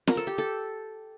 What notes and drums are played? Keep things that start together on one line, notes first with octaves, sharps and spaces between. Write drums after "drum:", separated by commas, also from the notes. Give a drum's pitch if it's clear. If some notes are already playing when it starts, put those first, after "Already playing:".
A#4, drum: snare
A4
G4
A4